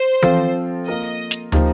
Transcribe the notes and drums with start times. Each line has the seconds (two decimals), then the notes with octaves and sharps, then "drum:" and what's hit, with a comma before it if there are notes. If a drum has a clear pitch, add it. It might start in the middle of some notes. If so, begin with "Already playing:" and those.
Already playing: C5
0.22 F3 C4 F4 A4, drum: tom E3
0.87 A#3 F4 A#4 D#5
1.31 drum: snare
1.52 F3 A#3 D#4 G4 C5, drum: tom